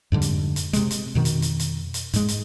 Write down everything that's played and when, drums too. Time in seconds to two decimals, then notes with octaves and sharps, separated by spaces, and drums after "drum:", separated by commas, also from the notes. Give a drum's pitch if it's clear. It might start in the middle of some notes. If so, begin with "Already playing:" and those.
0.12 F2 G#2 D3 G3
0.22 drum: hi-hat
0.56 drum: hi-hat
0.73 C3 G#3, drum: hi-hat
0.91 drum: hi-hat
1.15 F2 B2 D#3
1.25 drum: hi-hat
1.42 drum: hi-hat
1.60 drum: hi-hat
1.94 drum: hi-hat
2.13 G#2 G#3, drum: hi-hat
2.28 drum: hi-hat